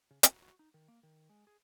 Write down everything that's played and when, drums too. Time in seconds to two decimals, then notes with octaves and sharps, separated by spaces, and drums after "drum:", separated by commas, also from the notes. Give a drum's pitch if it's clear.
0.11 C#3
0.23 F#4, drum: hi-hat
0.42 F#4
0.59 D#4
0.74 D#3
0.88 A#3
1.03 D#3
1.29 G#3
1.47 G#4